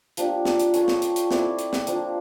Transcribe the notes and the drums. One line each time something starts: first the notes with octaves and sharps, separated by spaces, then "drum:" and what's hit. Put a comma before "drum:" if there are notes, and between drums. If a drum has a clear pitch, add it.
F3 A#3 D4 G4, drum: hi-hat
drum: snare
drum: hi-hat
C#4 F4 A4 C#5, drum: hi-hat
drum: snare
drum: hi-hat
drum: hi-hat
C4 E4 A4 D5, drum: snare
drum: hi-hat
drum: snare
F3 A#3 D4 F4, drum: hi-hat